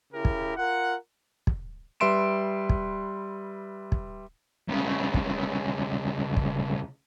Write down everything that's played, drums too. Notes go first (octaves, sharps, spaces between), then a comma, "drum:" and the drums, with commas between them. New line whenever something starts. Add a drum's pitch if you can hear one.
C#3 E4 G4 A#4
drum: kick
F4 A#4 F#5
drum: kick
G3 B4 E5 C6 D7 E7
drum: kick
drum: kick
C2 C#3
drum: kick
drum: kick